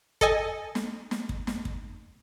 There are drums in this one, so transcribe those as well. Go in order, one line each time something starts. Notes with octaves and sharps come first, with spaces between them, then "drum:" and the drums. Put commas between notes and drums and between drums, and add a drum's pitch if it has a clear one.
A4 D#5 G#5, drum: kick
drum: snare
drum: snare
drum: kick
drum: snare
drum: kick